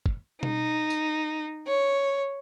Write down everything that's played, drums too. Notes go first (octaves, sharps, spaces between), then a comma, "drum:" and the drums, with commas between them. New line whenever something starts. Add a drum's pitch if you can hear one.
drum: kick
D#4, drum: tom B2
drum: tambourine
C#5